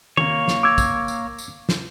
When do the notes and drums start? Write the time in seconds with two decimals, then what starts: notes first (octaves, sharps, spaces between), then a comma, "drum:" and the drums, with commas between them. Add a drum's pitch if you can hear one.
0.17 A#3 C#5, drum: tom D#3
0.48 drum: snare
0.63 D6 E6 G#6
0.78 drum: kick, tambourine
1.08 drum: tambourine
1.38 drum: tambourine
1.69 drum: snare